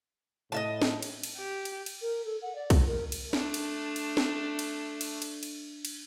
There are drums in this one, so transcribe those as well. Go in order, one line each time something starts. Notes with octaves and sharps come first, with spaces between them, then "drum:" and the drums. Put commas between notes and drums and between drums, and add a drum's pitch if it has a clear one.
A2 D#5 E5 A5
drum: snare
drum: cymbal
drum: cymbal
G4
drum: cymbal
drum: cymbal
A#4
A4
F#5
D5
drum: kick, cymbal
A#4
drum: cymbal
A3 D4, drum: snare
drum: cymbal
drum: cymbal
drum: snare
drum: cymbal
drum: cymbal
drum: cymbal
drum: cymbal
drum: cymbal